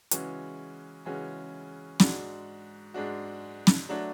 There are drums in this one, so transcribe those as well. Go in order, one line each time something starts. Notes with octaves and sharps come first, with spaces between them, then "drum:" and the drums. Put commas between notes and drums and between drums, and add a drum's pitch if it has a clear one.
C#3 E3 G#3 C#4 F#4, drum: hi-hat
C#3 E3 G#3 C#4 F#4
G#2 G#3 D4 F#4, drum: snare
G#2 G#3 D4 F#4
drum: snare
F#3 A3 D4 F#4